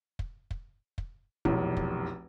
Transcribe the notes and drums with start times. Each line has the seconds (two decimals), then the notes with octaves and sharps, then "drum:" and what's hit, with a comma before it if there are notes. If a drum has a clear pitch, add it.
0.19 drum: kick
0.51 drum: kick
0.98 drum: kick
1.45 F1 B1 E2, drum: kick
1.77 drum: kick